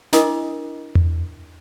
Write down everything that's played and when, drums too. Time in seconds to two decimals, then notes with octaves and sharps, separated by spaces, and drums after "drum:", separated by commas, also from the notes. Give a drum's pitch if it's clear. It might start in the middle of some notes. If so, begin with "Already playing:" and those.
0.13 D4 E4 A#4 D#5 D6 D#6, drum: snare
0.95 drum: tom E2